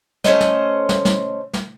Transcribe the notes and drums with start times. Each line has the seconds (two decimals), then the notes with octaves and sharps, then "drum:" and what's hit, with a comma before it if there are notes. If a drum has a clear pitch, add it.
0.24 A3 C#4 C5 D#5, drum: snare
0.40 drum: snare
0.89 drum: snare
1.05 drum: snare
1.53 drum: snare